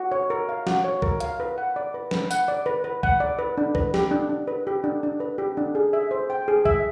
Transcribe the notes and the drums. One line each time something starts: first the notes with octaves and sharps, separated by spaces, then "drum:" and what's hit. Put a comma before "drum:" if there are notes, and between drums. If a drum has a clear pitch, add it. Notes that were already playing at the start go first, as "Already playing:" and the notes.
Already playing: F#4
C#5
A#4
F5
F#4, drum: snare
C#5
A#4, drum: kick
F5, drum: hi-hat
B4
F#5
D5
B4
B4, drum: snare
F#5, drum: tambourine
D5
B4
B4
F#5, drum: kick
D5
B4
D4
B4, drum: kick
G4, drum: snare
D4
D4
B4
G4
D4
D4
B4
G4
D4
G#4
E5
C5
G5
G#4
E5, drum: kick